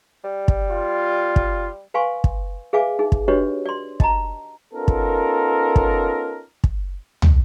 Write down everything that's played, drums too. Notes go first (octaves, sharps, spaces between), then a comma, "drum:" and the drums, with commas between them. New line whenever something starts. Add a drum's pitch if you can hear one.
G3
drum: kick
F4
drum: kick
B4 F5 G#5 C6 C#6
drum: kick
G#4 B4 E5 F5 G#5 D6
D#4 G#4
drum: kick
D4 F#4 G4 B4 C#5 D#5
D5 C6
D#5 A5 A#5, drum: kick
B3 C#4 D#4 F4 A4 A#4
drum: kick
drum: kick
drum: kick
drum: tom